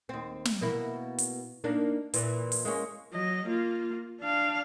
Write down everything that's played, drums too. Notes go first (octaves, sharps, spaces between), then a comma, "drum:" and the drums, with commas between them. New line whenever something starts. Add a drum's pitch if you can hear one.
D#2 C4
drum: snare
B2 A#3 E4
drum: hi-hat
A#3 D4 D#4
A#2 E3, drum: hi-hat
drum: open hi-hat
G#3 A#3 C#4
F#3 D#5
A#3 F4
D4 F5